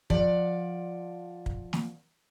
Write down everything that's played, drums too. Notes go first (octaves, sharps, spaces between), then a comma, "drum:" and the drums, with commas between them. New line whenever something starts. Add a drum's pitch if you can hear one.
F3 D5 F#5, drum: kick
drum: kick
drum: snare